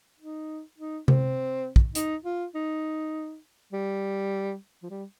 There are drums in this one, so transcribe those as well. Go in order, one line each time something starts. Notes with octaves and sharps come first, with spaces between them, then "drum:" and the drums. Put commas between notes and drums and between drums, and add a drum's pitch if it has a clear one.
D#4
D#4
C4, drum: tom C3
drum: kick
D#4, drum: hi-hat
F4
D#4
G3
F3
G3